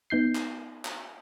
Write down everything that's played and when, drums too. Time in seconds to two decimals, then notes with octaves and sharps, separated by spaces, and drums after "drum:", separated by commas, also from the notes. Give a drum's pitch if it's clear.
0.10 B3 D#4 G6 C7
0.35 drum: clap
0.85 drum: clap